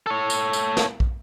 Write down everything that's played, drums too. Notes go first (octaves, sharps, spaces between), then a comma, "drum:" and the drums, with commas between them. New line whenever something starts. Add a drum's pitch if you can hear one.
A4 C#5
drum: tambourine
drum: tambourine
drum: snare
drum: kick